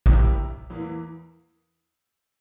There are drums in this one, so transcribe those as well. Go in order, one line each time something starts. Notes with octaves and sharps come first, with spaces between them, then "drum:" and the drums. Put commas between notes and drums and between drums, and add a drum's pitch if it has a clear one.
C3 G3 A#3 E4 G4, drum: kick
E2 E3 A#3